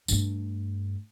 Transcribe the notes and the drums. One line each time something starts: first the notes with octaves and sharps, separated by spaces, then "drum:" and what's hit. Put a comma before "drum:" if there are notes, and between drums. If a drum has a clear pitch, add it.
G2 A3, drum: tambourine